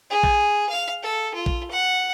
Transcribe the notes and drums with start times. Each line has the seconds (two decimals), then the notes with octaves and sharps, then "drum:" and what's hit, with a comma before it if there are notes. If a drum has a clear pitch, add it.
0.10 G#4
0.23 drum: kick A#1
0.70 F5
1.03 A4
1.34 F4
1.46 drum: kick A#1
1.71 F#5